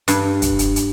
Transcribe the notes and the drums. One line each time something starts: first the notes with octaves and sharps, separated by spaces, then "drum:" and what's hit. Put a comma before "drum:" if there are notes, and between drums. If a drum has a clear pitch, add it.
G2, drum: hi-hat
drum: kick, hi-hat
drum: hi-hat
drum: hi-hat